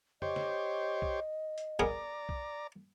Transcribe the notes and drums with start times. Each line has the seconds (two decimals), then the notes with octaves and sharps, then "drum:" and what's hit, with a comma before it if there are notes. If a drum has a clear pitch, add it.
0.22 G4 C5 C#5 D#5, drum: tom F2
0.36 drum: snare
1.02 drum: kick B1
1.58 drum: hi-hat
1.79 B3 G#4 A#4 D5 A#5, drum: kick B1
2.29 drum: kick B1